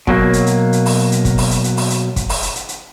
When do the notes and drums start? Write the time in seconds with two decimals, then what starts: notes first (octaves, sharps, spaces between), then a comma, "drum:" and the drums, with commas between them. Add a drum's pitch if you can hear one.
0.07 B2 F#3 A#3, drum: kick
0.33 drum: hi-hat
0.46 drum: hi-hat
0.73 drum: hi-hat
0.86 drum: open hi-hat
1.12 drum: hi-hat
1.25 drum: kick, hi-hat
1.38 drum: open hi-hat
1.51 drum: hi-hat
1.64 drum: hi-hat
1.77 drum: open hi-hat
1.90 drum: hi-hat
2.16 drum: kick, hi-hat
2.29 drum: open hi-hat
2.42 drum: hi-hat
2.55 drum: hi-hat
2.69 drum: hi-hat